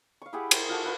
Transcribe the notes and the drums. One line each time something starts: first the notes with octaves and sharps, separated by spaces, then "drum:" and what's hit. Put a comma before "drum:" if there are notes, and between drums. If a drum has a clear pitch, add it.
F5 C#6
E4 G4 G#4 F#5
C5, drum: cymbal
F4 F#4 A4
F4 B4 F#5